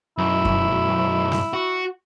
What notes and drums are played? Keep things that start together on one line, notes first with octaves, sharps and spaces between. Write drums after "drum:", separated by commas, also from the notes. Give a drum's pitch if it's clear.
B1 F#2 E4
drum: kick F#2
drum: snare
F#4